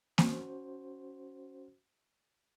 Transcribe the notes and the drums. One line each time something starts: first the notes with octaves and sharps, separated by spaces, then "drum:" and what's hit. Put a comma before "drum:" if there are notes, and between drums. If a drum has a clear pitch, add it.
C#4 F#4 C5, drum: snare A#3